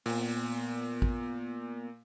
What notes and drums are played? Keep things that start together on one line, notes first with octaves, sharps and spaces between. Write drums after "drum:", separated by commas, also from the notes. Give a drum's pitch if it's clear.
A#2 B3, drum: open hi-hat
drum: kick